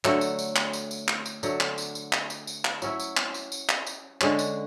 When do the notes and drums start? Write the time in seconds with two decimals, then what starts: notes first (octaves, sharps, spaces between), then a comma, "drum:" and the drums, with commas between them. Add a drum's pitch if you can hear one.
0.05 D3 F#3 A3, drum: clap
0.21 drum: tambourine
0.39 drum: tambourine
0.56 drum: clap
0.73 drum: tambourine
0.91 drum: tambourine
1.08 drum: clap
1.26 drum: tambourine
1.43 D3 F#3 A3, drum: tambourine
1.60 drum: clap
1.78 drum: tambourine
1.95 drum: tambourine
2.13 drum: clap
2.30 drum: tambourine
2.47 drum: tambourine
2.65 drum: clap
2.82 F#3 C#4 E4, drum: tambourine
3.00 drum: tambourine
3.17 drum: clap
3.34 drum: tambourine
3.52 drum: tambourine
3.69 drum: clap
3.87 drum: tambourine
4.21 D3 G#3 C#4, drum: clap
4.39 drum: tambourine